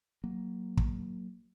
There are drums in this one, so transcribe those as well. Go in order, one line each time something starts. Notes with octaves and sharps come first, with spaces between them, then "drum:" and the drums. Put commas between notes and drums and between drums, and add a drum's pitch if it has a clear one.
F#3 A#3
drum: kick